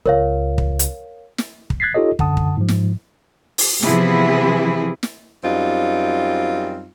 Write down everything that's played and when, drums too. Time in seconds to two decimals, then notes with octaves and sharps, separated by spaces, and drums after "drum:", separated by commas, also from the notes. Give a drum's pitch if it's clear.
0.06 C#2 A#4 C#5 F5
0.58 drum: kick
0.79 drum: hi-hat
1.38 drum: snare
1.70 drum: kick
1.80 F#6 G#6 A6 B6 C7
1.94 D#4 F4 G4 A4 C#5 D#5
2.19 F#2 D3 F#5 A5 D#6, drum: kick
2.37 drum: kick
2.57 G#2 F3
2.68 drum: snare
3.58 drum: open hi-hat
3.83 C3 E3 F3 B3 E4 G#4, drum: snare
5.03 drum: snare
5.44 F#2 G3 C4 D#4 F4